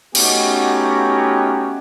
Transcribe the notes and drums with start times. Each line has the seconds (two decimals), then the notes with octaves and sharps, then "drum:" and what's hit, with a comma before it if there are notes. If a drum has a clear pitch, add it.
0.15 A3 B3 C#4 D#4 F#4 G4, drum: cymbal